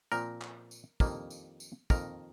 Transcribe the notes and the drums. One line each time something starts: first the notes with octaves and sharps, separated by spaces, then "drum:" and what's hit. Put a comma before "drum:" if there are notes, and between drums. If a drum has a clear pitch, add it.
A#2 F3 C4 A#4, drum: tambourine
drum: clap
drum: tambourine
F2 D#3 G3 A#3 D4, drum: kick, tambourine
drum: tambourine
drum: tambourine
F2 D#3 A#3 A#4, drum: kick, tambourine